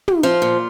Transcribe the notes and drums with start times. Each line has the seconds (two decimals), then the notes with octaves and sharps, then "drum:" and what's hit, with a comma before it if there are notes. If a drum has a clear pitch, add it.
0.08 drum: tom
0.23 F3 F4
0.42 A#2